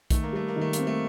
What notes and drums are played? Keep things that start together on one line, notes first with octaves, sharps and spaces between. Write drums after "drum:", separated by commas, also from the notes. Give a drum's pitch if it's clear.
D#3 A3, drum: kick, hi-hat
A#3
G3 A3
A#3
D#3
A3
A#3, drum: hi-hat
C4
A3